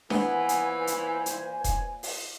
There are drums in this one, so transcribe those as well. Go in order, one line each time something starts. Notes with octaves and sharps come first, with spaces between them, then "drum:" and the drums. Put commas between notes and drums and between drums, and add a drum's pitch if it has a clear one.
A#2 E3 B3 B4 C5 G#5, drum: snare D4
drum: hi-hat
drum: hi-hat
drum: hi-hat
drum: kick E1, hi-hat
drum: open hi-hat